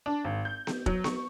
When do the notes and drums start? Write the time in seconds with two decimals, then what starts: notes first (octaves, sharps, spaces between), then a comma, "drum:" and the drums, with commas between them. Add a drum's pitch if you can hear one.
0.06 D4
0.25 G#1
0.45 G6
0.67 drum: snare B3
0.86 F#3, drum: kick
1.04 C#6, drum: snare B3